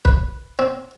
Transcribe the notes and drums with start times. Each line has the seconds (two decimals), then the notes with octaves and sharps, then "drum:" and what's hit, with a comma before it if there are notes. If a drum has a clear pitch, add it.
0.05 B4, drum: kick
0.59 C4